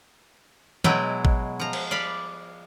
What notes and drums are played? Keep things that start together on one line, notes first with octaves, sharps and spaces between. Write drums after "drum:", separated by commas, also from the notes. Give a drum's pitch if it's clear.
B2 F#3 G#3 E4 G5, drum: tom E3
drum: kick
F3 A#5
drum: cymbal
D5 F5 B5